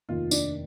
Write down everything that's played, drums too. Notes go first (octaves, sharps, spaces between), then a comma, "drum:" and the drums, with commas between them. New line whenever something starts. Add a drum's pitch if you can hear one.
F1 D#2 D#3 F4
D4, drum: tambourine